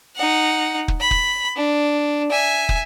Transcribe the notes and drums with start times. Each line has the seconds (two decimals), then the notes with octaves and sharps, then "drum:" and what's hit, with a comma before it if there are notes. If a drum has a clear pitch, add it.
0.16 D#4 F#5
0.88 drum: kick
1.00 B5
1.11 drum: kick
1.56 D4
2.31 E5 G#5
2.69 drum: kick